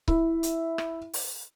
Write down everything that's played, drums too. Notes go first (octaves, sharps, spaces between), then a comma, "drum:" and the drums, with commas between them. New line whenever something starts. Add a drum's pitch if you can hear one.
E4, drum: kick C#1
drum: hi-hat
drum: rim click
drum: open hi-hat